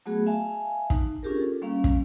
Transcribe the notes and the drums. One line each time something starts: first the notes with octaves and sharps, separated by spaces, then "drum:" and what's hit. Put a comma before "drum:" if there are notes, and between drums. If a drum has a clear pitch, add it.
F#3 A3 B3 F#4 G#4
E5 F5 G#5 A5
D#4, drum: kick
C#4 D4 F4 G4 G#4 A#4
A4
G3 A#3 C#4 F5
drum: kick